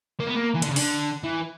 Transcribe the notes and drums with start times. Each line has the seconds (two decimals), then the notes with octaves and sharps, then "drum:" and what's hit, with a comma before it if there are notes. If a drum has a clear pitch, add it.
0.20 A#3
0.27 B3
0.35 A#3
0.54 E3
0.62 D3, drum: hi-hat
0.69 C#3
0.76 D3, drum: open hi-hat
1.23 E3